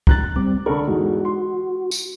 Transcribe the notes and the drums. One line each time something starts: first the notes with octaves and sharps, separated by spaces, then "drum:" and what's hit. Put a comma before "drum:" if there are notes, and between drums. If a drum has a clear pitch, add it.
A#5 F#6 A6, drum: kick
G3 C4 D6
D3 A4 A#4 B5 C#6
E2 G#2 G#3 F#4
C6
drum: tambourine